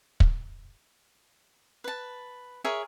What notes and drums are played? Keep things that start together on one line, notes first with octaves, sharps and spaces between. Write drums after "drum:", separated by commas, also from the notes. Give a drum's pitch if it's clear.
drum: kick
B4 A5
G#4 A#4 C#5 E5